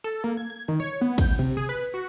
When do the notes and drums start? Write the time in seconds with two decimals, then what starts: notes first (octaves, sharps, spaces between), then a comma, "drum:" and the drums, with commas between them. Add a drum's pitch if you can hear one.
0.04 A4
0.24 A#3
0.37 G#6
0.50 G#6
0.68 D#3
0.80 C#5
1.01 B3
1.18 G6, drum: kick, cymbal
1.39 C3
1.57 G#4
1.69 B4
1.94 F#4